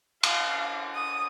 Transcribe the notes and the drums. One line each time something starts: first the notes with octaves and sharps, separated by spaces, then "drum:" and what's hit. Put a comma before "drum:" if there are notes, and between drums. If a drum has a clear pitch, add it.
F5, drum: cymbal
D#6